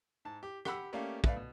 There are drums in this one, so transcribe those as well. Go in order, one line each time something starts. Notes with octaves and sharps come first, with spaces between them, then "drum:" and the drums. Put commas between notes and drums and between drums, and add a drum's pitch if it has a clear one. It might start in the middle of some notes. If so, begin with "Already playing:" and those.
G#2 A5
G4
G4 F#5 B5 E6, drum: rim click
A3 A#3 C#4 G4 D5 F5
A3 B4 D5 F5, drum: kick
B2